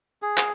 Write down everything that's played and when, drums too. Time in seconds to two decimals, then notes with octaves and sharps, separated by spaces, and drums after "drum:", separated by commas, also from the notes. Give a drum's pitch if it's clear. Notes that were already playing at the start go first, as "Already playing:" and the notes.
0.22 G#4
0.38 drum: clap